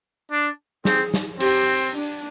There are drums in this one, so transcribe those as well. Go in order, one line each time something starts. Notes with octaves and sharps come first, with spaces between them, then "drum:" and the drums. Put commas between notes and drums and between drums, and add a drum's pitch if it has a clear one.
D4
C4 G#4, drum: snare
drum: snare
C4 G4, drum: cymbal
D4